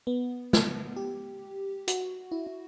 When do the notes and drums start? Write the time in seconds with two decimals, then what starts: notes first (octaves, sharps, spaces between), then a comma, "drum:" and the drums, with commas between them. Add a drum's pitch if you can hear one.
0.07 B3
0.53 drum: snare
0.96 G4
1.88 F#4, drum: hi-hat
2.32 E4
2.46 E4